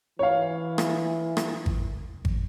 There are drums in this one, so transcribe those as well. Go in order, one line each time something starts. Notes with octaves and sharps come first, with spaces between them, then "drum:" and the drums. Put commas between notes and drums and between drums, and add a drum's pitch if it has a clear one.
E3 C#5 F5
drum: rim click
drum: rim click
drum: kick G#1
drum: kick G#1